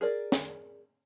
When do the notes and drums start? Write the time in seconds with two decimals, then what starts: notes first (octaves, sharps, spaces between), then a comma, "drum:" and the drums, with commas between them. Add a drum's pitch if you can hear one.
0.01 G#4 A#4 D5
0.32 drum: snare